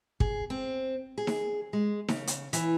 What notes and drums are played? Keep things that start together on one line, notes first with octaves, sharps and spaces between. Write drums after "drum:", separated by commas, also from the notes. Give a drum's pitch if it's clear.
G#4, drum: kick
C4
G#4
drum: snare D#4
G#3
C#3, drum: snare D#4
drum: hi-hat
E3, drum: hi-hat